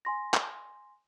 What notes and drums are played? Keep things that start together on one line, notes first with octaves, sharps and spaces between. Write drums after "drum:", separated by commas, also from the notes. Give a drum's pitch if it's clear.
G#5 C6 A#6
drum: clap